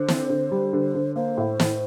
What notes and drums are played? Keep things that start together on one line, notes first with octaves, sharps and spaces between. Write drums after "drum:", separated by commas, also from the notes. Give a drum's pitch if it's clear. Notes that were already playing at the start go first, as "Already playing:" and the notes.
Already playing: D3 C5
C4, drum: snare
D3
G3
D3
D3
A#3 C5
A2
A2, drum: snare